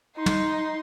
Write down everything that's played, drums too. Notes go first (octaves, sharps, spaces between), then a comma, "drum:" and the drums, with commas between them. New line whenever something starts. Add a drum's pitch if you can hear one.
D#4 C6
drum: tom